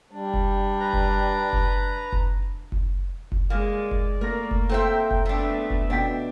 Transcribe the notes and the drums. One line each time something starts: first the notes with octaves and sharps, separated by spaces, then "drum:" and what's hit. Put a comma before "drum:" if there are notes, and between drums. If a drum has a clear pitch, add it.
G3 D4
drum: kick F#1
B4 A#5
drum: kick F#1
drum: kick F#1
drum: kick F#1
drum: kick F#1
drum: kick F#1
G#3 A#3 D5
drum: kick F#1
A3 A#3 A#4 A#6
drum: kick F#1
C4 A4 C5 E5 G5
drum: kick F#1
A3 B3 C4 D4 E5
drum: kick F#1
B2 D4 G5 B6